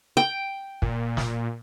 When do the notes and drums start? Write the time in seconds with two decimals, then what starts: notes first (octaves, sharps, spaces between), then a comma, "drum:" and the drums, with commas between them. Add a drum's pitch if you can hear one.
0.17 G5
0.82 A#2, drum: kick
1.17 drum: snare